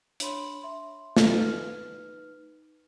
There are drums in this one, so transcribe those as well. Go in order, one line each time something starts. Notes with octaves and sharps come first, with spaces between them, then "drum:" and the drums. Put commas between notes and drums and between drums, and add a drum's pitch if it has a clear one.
D4 C#5 B5 C6 F#7, drum: hi-hat
E5 C6
drum: snare
D#4 B4 F6